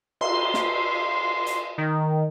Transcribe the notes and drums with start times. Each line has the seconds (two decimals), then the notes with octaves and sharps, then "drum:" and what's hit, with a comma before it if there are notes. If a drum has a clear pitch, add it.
0.21 C6, drum: cymbal
0.54 drum: snare
1.46 drum: hi-hat
1.78 D#3